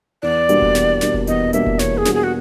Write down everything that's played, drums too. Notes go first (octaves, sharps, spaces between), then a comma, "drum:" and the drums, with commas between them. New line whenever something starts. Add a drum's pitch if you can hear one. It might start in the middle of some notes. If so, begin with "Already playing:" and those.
E2 D5
B2 G3 A#3 D4, drum: hi-hat
drum: kick F1
E2, drum: snare
B2 G3 A#3 D4, drum: snare
drum: kick F1
E2 D#5, drum: hi-hat
B2 G3 A#3 D4 E5, drum: hi-hat
drum: kick F1
E2 C#5, drum: snare
G#4
B2 G3 A#3 D4, drum: snare
G#4
F#4